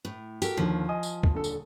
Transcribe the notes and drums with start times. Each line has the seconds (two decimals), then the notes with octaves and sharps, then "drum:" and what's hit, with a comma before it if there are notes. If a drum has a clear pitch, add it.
0.05 A2
0.42 F#4 G4 A4 A#4, drum: tambourine
0.57 D#2 D3 D#3 F3
0.89 D#5 G#5 D#6
1.03 drum: tambourine
1.23 drum: kick
1.34 D#1 D3 A4
1.44 drum: tambourine